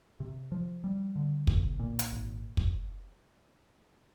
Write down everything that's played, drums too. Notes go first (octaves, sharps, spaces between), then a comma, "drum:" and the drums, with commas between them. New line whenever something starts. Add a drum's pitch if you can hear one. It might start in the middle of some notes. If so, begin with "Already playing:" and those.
C3
F3
G3
D3
B1, drum: kick
A#2
drum: hi-hat
G#1
drum: kick